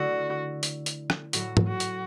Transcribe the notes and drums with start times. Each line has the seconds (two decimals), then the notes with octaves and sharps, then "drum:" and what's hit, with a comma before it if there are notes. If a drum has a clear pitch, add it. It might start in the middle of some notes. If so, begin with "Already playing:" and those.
Already playing: D3 A3 E4 F#4
0.63 drum: hi-hat
0.86 drum: hi-hat
1.10 drum: rim click
1.33 A2 F#3 A3 F#4, drum: hi-hat
1.57 drum: tom G#2
1.68 F#4
1.80 drum: hi-hat